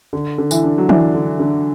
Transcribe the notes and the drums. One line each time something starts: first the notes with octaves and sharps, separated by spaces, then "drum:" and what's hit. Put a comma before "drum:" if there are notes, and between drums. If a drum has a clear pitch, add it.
D3
D3
E3, drum: tambourine
D4
F#3
E3 D4, drum: tom E3
D3
D3